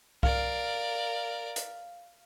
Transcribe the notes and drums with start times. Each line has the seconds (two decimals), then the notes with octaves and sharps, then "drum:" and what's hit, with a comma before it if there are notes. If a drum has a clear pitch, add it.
0.23 A#4 D5 F5, drum: kick C2
1.56 drum: hi-hat